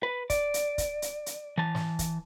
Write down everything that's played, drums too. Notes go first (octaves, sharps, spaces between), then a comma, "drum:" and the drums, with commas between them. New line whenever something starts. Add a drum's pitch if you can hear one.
B4
D5, drum: kick, hi-hat
drum: hi-hat
drum: kick, hi-hat
drum: hi-hat
drum: hi-hat
E3 A5
drum: snare
drum: kick, hi-hat